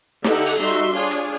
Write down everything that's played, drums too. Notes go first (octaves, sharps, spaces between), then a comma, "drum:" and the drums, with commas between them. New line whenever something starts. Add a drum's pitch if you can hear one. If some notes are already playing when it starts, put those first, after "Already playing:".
D3 D#4 G4 A4 E5 F#5, drum: snare
drum: open hi-hat
G3 D#4 F#4 E5 C6
D4 F4 G#4 C#5
drum: hi-hat